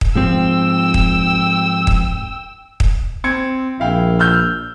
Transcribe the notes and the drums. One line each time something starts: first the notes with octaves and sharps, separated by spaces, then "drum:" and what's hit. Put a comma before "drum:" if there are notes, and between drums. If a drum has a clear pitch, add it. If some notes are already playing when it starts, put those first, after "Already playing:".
drum: kick
G#2 F3 C4 G5 E6
drum: kick
drum: kick
drum: kick
C4 G#6 C#7
A#1 E4 F5 G5
E6 F6 G6